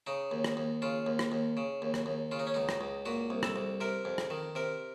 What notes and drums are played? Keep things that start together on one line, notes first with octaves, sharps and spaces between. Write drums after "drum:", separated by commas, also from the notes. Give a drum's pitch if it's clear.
C#3 D#4
D#2
drum: rim click
D#2
C#3 F4
D#2
drum: rim click
D#2
C#3
D#2
drum: rim click
D#2
C#3 F4
D#4
C#4
C#2 D#4
drum: rim click
C#2
A#2 F#4
C2
A4, drum: rim click
C2
C3 A#4
F2
drum: rim click
D#3
C3 A#4